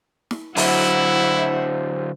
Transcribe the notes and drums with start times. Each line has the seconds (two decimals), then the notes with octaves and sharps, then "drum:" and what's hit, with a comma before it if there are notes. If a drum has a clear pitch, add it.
0.31 drum: snare
0.57 D3 F#3 E4 C5 E5 F#5, drum: open hi-hat